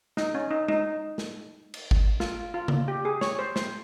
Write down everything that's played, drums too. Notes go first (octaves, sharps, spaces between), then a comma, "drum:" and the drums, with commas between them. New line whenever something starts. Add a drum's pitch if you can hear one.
D#4, drum: snare
C#4
D#4
D#4, drum: tom G#3
drum: snare
drum: cymbal
drum: kick G1
F4, drum: snare
F4
drum: tom C#3
G4
G#4
C#5, drum: snare
C5
C5, drum: snare